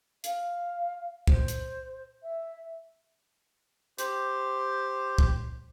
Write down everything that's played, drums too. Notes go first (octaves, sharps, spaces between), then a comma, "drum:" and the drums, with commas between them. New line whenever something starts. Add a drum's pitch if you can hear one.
F5, drum: hi-hat
C5, drum: kick C2
drum: hi-hat
E5
G4 C5, drum: hi-hat
drum: kick C2